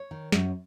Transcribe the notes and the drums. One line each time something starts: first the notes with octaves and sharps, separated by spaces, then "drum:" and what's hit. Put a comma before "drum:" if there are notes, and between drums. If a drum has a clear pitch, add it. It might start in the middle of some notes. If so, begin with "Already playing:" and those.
Already playing: C#5
D#3
F#2, drum: snare